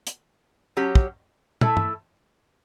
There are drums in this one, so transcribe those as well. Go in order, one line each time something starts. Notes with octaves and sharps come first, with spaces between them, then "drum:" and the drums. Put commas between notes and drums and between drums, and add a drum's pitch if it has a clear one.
drum: hi-hat
F#3 C#4 G4
drum: kick
A3 E4 A4, drum: tom
drum: tom G2